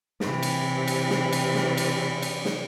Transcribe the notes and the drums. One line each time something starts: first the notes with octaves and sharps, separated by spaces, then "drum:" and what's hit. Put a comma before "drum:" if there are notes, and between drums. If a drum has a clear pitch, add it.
C3 E3, drum: snare
drum: cymbal
drum: cymbal
drum: snare
drum: cymbal
drum: snare
drum: cymbal
drum: cymbal
drum: snare